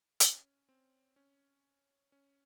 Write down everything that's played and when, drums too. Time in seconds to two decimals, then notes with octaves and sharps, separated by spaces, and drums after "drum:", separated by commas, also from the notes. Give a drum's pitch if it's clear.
0.20 C#4, drum: hi-hat
0.69 C4
1.16 C#4
2.12 C#4